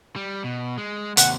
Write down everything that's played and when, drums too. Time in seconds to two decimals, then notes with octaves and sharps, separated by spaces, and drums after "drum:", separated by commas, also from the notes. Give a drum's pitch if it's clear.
0.16 G3
0.44 B2
0.78 G#3
1.17 D#2 C3 F#5, drum: hi-hat